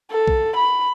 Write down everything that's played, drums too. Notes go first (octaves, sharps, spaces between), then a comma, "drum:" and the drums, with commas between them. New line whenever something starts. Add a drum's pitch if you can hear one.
A4
drum: kick A#1
B5